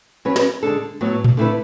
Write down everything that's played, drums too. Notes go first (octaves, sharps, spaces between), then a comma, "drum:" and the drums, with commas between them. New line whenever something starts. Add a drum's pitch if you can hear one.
F#3 C#4 F#4 B4
drum: snare
D3 G#3 D4 A4
A2 F#3 B3
drum: tom A2
D3 A3 E4 G#4 B4